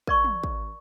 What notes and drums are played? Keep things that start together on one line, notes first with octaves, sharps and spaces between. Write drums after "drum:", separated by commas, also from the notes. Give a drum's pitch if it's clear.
A#4 D5 C#6, drum: kick
drum: tom
drum: kick